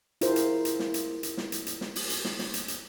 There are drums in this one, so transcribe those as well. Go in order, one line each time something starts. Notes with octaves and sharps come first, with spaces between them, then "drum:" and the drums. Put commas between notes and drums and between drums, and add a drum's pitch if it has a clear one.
E4 F4 G#4 A#4 C5, drum: hi-hat
drum: hi-hat
drum: hi-hat
drum: snare
drum: hi-hat
drum: hi-hat
drum: snare
drum: hi-hat
drum: hi-hat
drum: snare
drum: open hi-hat
drum: hi-hat
drum: snare
drum: snare
drum: hi-hat
drum: hi-hat